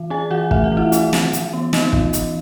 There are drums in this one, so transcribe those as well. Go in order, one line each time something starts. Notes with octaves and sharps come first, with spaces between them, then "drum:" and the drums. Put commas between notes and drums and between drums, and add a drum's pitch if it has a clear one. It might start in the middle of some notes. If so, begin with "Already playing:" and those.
Already playing: E3
C#4 G#4 G#5
E3 F#4 F#5
A3 E5, drum: kick
F#5
E3
E4 E5
C#4, drum: hi-hat
E3, drum: snare
E3, drum: hi-hat
B3
B3 D#4 D#5, drum: snare
E3, drum: kick
E3, drum: hi-hat